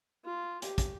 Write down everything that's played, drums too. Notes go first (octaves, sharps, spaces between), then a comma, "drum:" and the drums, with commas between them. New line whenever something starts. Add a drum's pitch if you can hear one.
F4
G4, drum: hi-hat
drum: kick, hi-hat